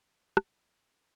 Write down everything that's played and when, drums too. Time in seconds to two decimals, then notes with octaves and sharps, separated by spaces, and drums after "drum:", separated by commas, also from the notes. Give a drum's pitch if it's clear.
0.16 F#4
0.37 C7, drum: rim click
0.80 E5
0.99 A#5